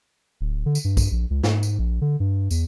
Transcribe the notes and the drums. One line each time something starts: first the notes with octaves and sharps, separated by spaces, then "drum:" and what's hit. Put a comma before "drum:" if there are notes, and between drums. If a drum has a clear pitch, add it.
D1
D3
drum: tambourine
G2
drum: kick, tambourine
A#1
C#2
G#2, drum: snare
drum: tambourine
A#1
D3
G2
E2, drum: tambourine